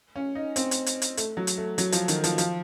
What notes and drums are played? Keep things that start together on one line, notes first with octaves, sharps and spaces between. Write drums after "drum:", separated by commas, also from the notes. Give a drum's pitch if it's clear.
C#4
D#4
C4, drum: hi-hat
drum: hi-hat
drum: hi-hat
drum: hi-hat
A3, drum: hi-hat
F#3
drum: hi-hat
A3
F#3, drum: hi-hat
F3, drum: hi-hat
D#3, drum: hi-hat
F3, drum: hi-hat
F3, drum: hi-hat